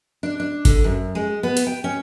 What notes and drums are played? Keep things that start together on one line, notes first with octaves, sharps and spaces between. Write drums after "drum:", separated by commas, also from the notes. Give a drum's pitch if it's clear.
D4
D4
D3, drum: kick G#1, hi-hat
F#2
G#3
B3
drum: hi-hat
G5
C#4